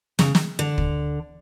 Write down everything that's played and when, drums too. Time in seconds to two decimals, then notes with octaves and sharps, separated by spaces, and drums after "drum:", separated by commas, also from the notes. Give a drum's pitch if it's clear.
0.19 C#3, drum: snare
0.35 drum: snare
0.59 D3
0.78 drum: kick